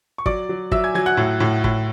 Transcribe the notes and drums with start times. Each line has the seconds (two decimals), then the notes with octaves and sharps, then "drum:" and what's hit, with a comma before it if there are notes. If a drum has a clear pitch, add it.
0.18 C#6
0.26 F#3 D5 D6, drum: kick
0.49 F#3
0.71 F#3 E5 E6, drum: kick
0.84 G#5 G#6
0.94 F#3 G#5 G#6
1.06 F#5 F#6
1.17 A2
1.40 A2
1.64 A2, drum: kick